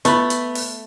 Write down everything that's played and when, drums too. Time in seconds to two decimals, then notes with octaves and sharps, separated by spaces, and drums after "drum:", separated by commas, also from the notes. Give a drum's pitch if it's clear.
0.05 A3 B3 B5, drum: hi-hat
0.30 drum: hi-hat
0.55 drum: open hi-hat